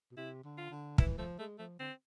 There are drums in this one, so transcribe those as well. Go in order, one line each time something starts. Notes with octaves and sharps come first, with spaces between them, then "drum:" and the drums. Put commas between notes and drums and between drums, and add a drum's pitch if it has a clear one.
B2
C3 E4
D3
F4
D3
E3 E4, drum: kick
F3 A3
G#3 A3
F3 A3
D3 C4